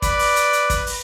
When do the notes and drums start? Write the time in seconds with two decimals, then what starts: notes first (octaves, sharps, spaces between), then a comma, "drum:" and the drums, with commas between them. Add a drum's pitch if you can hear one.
0.02 B4 D5, drum: kick, hi-hat
0.19 drum: open hi-hat
0.36 drum: hi-hat
0.53 drum: hi-hat
0.70 drum: kick, hi-hat
0.87 drum: open hi-hat